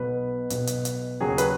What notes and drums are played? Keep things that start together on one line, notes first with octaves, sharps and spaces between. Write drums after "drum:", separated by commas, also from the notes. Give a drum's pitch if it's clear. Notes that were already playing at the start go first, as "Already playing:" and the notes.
Already playing: B1 B2 B3 B4
B1 B2 B3, drum: hi-hat
drum: hi-hat
drum: hi-hat
D#2 C#3 F#3 G#4
B4, drum: hi-hat